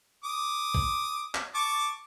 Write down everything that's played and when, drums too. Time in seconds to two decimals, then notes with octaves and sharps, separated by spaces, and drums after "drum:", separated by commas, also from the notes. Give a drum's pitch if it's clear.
0.24 D6 D#6
0.74 drum: kick
1.35 drum: clap
1.55 A5 C#6 D6